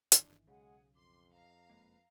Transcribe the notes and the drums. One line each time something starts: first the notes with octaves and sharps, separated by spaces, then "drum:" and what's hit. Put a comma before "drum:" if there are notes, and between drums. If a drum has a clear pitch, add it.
G1 D#3 E3 D4, drum: hi-hat
B1 C#3 G#3 G#4 F#5
F2 C6 D6
D#5 F5 A#5
F#1 G#3 A#3 B4